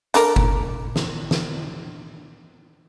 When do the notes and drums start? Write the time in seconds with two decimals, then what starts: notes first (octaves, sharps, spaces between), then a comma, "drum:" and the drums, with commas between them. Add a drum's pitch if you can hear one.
0.14 D4 A4 A#4, drum: hi-hat
0.36 drum: kick F#1
0.96 drum: snare
1.31 drum: snare